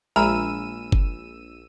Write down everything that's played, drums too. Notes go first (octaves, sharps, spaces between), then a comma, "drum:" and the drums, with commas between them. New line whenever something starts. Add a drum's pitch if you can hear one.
A#1 G#3 G#5 A#5 B5 E6 F6 D#7
drum: kick F#1